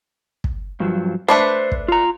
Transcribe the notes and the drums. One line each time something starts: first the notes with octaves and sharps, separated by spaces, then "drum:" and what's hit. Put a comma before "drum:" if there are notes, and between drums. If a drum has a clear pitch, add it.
drum: kick
G2 F3 F#3
A3 D4 B4 C5
drum: kick
F4 A#5